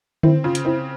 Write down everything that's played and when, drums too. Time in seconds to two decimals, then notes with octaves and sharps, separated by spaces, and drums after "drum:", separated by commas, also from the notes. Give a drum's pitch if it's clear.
0.23 C4 E4, drum: tom D3
0.44 C#3 F4
0.55 drum: hi-hat
0.65 C4 E4